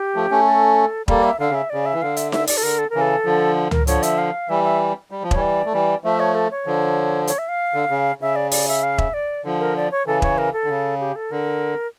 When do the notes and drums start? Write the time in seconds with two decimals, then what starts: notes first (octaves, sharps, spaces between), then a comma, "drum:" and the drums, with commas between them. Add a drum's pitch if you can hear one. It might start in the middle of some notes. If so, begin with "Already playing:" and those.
Already playing: G4
0.16 F3 A3
0.31 A3 C#4
0.47 A4
1.08 G3 A#3 A4, drum: kick E1
1.24 E5
1.39 D3 F5
1.50 C#3 E5
1.70 C#3 D5
1.86 E5
1.93 E3
2.02 D3 F5
2.17 E5, drum: hi-hat
2.32 E5, drum: snare D#4
2.48 D5, drum: open hi-hat
2.57 A4
2.63 D3 A#4
2.79 A4
2.90 C#3 E3 A#4
3.01 A4
3.25 D3 F3
3.71 A#4, drum: tom C#2
3.87 D3 F3 C#5, drum: hi-hat
4.03 E5, drum: hi-hat
4.18 F5
4.49 E3 G3 E5
4.64 E5
5.11 G3
5.23 F3
5.31 E3 G3 C#5, drum: kick E1
5.42 D5
5.65 A3
5.73 E3 G3
6.04 F3 A3 E5
6.20 C#5
6.35 A4
6.51 C#5
6.66 D3 F3
7.27 C#5, drum: hi-hat
7.38 E5
7.48 F5
7.74 D3
7.90 C#3
8.21 C#3 E5
8.36 D5
8.52 D5, drum: open hi-hat
8.68 E5
8.83 F5
8.98 E5, drum: kick E1
9.14 D5
9.44 D3 F3
9.60 A#4
9.76 D5
9.91 C#5
10.06 C#3 E3 A4
10.22 C#5, drum: kick E1
10.38 A#4
10.53 A4
10.64 D3
10.69 C#3
11.00 G4
11.16 A4
11.31 D3 A#4